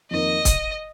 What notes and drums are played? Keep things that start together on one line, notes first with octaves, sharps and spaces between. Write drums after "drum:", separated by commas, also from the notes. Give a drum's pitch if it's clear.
F2 D#3 A#3 D#5
drum: kick, hi-hat